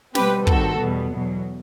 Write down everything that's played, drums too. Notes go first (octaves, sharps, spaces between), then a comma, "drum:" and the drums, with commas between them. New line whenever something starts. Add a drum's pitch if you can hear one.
B2 G3 C4 G4 B4, drum: snare
G2 D#3 G3 C4 F#4 A4, drum: kick
E2 B2 G3 B3
E2 B2 F#3